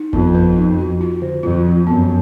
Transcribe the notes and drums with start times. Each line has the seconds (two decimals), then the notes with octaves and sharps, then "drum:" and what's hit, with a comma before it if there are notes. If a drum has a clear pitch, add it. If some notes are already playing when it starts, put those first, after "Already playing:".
Already playing: D#4
0.13 F2 B3, drum: kick G#1
0.35 B4
0.57 D#4
0.79 F#4
1.01 F4
1.22 D3
1.43 F2 F4
1.65 F3
1.87 F#2 B3